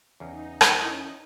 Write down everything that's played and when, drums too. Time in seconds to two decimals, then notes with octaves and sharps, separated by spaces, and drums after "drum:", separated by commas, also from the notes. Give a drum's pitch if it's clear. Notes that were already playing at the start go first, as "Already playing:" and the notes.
0.20 E2 C#3 D#4
0.61 drum: rim click
0.80 C#4 E4 D#5